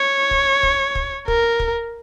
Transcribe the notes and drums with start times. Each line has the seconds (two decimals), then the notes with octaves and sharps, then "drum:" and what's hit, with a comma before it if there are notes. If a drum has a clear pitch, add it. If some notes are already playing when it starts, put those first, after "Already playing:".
Already playing: C#5
0.31 drum: kick
0.63 drum: kick
0.95 drum: kick
1.28 A#4, drum: kick
1.60 drum: kick